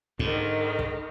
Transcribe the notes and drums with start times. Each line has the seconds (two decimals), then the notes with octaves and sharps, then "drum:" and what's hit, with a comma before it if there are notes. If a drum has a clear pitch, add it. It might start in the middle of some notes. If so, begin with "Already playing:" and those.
0.19 G#2 D3 D#3, drum: kick
0.79 drum: kick